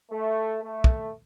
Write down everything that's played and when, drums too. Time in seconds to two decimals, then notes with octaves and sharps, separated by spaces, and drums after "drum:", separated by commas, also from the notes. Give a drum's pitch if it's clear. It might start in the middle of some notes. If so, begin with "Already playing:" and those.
0.10 A3
0.63 A3
0.84 drum: kick